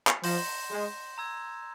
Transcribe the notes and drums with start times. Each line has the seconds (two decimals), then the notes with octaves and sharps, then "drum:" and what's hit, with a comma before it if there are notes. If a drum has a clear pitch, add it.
0.07 drum: clap
0.24 F3 C6 G6 A#6 E7, drum: open hi-hat
0.71 G#3
1.18 A#5 E6 G#6